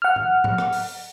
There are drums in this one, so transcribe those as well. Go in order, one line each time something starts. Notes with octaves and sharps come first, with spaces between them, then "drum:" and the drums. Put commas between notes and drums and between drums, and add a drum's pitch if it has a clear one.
F#5 F6
drum: tom G#2
drum: tom G#2
drum: rim click
drum: open hi-hat